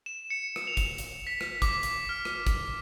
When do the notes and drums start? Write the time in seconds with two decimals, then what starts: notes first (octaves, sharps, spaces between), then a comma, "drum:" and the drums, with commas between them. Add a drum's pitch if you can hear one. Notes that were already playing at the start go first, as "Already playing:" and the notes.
0.06 E7
0.30 C#7
0.56 drum: rim click
0.67 F7
0.77 drum: kick, hi-hat
0.98 drum: hi-hat
1.27 B6
1.41 drum: rim click
1.62 D6, drum: kick, hi-hat
1.83 drum: hi-hat
2.09 F6
2.25 drum: rim click
2.47 drum: kick, hi-hat